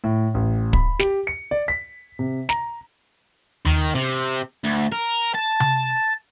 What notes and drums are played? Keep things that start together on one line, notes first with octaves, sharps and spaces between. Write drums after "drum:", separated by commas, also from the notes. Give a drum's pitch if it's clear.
A2
A1
B5, drum: kick
G4, drum: snare
C#7
D5
B6
C3
A#5, drum: snare
D#3, drum: tom D#2
C3
D2
A#4
A5
drum: tom C3